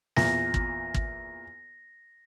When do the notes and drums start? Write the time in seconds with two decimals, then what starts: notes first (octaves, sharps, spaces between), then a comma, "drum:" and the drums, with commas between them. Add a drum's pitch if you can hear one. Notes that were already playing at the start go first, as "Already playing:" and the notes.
0.16 E2 A#2 A#6, drum: snare
0.54 drum: kick
0.94 drum: kick